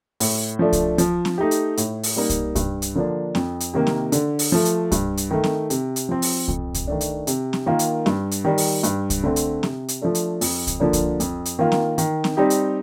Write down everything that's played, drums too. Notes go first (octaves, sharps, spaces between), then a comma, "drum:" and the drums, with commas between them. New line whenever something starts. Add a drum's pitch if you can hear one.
A2, drum: open hi-hat
F3 A3 D4
drum: kick C2, hi-hat
F3, drum: hi-hat
drum: snare C4
A3 D#4 G4
drum: hi-hat
A2, drum: hi-hat
drum: open hi-hat
G3 A#3 D#4
drum: kick C2, hi-hat
G2, drum: kick C2, hi-hat
drum: hi-hat
D3 F3 A#3 D4
F2, drum: snare C4
drum: hi-hat
C3 D#3 A#3
drum: snare C4
D3, drum: hi-hat
drum: open hi-hat
F3 A3
drum: hi-hat
G2, drum: kick C2, hi-hat
drum: hi-hat
D#3 A3
drum: snare C4
C3, drum: hi-hat
drum: hi-hat
F3 C4
drum: open hi-hat
F2, drum: kick C2
drum: kick C2, hi-hat
D#3 A3 D4
drum: hi-hat
C3, drum: hi-hat
drum: snare C4
D#3 A#3 F4
drum: hi-hat
G2, drum: snare C4
drum: hi-hat
D#3 G3
drum: open hi-hat
G2, drum: hi-hat
drum: kick C2, hi-hat
D3 A3 C4
drum: hi-hat
C3, drum: snare C4
drum: hi-hat
F3 A3 D4
drum: hi-hat
F2, drum: open hi-hat
drum: kick C2, hi-hat
D3 F3 A#3 D4
drum: kick C2, hi-hat
F2, drum: hi-hat
drum: hi-hat
D#3 A#3 F4
drum: snare C4
D#3, drum: hi-hat
drum: snare C4
G3 C4 D#4 G4
drum: hi-hat